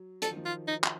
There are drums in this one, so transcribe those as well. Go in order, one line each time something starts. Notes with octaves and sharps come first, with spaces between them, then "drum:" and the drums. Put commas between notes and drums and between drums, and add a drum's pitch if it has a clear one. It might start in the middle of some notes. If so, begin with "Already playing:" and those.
Already playing: F#3
F3 A4, drum: hi-hat
D#3
F3
F4
D#4
drum: clap